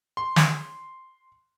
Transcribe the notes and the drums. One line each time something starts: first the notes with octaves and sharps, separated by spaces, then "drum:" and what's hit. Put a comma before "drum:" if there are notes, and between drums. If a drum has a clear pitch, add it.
C6
drum: snare